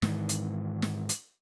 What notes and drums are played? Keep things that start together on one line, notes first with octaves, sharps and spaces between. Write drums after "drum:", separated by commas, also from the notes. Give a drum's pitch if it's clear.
G#2 D#3 E3, drum: snare
drum: hi-hat
drum: snare
drum: hi-hat